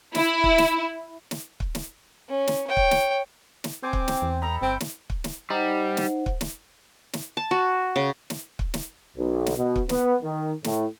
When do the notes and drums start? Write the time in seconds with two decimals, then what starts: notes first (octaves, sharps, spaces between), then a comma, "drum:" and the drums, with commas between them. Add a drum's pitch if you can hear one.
0.15 E4, drum: snare
0.44 drum: kick
0.58 drum: snare
1.31 drum: snare
1.60 drum: kick
1.75 drum: snare
2.29 C#4
2.47 drum: snare
2.67 C#5 G5
2.77 drum: kick
2.91 drum: snare
3.64 drum: snare
3.83 C4 C5 G5 G#5 D6
3.93 drum: kick
4.08 drum: snare
4.22 E2
4.42 A4 D#5 A#5 B5
4.62 G1 C4 G5
4.80 drum: snare
5.10 drum: kick
5.24 drum: snare
5.50 G3 D#4 C5 F#5
5.97 drum: snare
6.26 drum: kick
6.41 drum: snare
7.13 drum: snare
7.37 A5
7.51 F#4
7.96 C#3
8.30 drum: snare
8.59 drum: kick
8.74 drum: snare
9.17 B1
9.46 drum: snare
9.58 B2
9.76 drum: kick
9.89 B3, drum: snare
10.22 D#3
10.64 A2, drum: snare